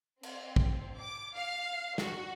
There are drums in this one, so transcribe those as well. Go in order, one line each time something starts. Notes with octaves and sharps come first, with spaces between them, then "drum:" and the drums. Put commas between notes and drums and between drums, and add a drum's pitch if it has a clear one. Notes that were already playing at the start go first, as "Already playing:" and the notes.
C4, drum: cymbal
drum: kick
D6
F5
F#4, drum: snare